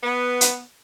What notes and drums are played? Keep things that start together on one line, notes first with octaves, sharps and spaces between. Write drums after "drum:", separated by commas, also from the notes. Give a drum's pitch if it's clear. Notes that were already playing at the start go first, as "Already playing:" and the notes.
B3
drum: hi-hat